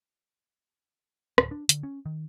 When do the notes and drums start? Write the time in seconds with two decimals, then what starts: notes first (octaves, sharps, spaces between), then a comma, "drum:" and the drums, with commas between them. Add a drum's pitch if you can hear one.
1.38 D1, drum: rim click
1.51 D4
1.69 D3, drum: hi-hat
1.83 C#4
2.06 D#3